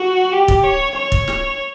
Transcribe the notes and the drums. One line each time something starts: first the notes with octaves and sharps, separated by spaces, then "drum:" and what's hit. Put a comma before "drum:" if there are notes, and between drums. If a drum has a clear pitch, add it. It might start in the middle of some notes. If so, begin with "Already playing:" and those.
Already playing: F#4
G4
drum: kick
C#5
C#5
drum: kick
drum: snare